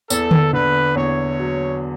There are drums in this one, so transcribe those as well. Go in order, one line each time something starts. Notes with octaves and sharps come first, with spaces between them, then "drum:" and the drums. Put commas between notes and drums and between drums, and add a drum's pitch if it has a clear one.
E2 A4, drum: tambourine
drum: tom D3
D3 B4
E2 C#5
F#3